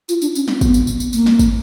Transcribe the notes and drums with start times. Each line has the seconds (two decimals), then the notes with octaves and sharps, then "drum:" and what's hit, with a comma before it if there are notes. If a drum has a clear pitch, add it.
0.09 F4, drum: tambourine
0.22 D4, drum: tambourine
0.35 C#4, drum: tambourine
0.48 C4, drum: snare
0.61 B3, drum: kick, tambourine
0.74 drum: tambourine
0.87 drum: tambourine
1.00 drum: tambourine
1.13 A#3, drum: tambourine
1.26 drum: snare
1.39 drum: kick, tambourine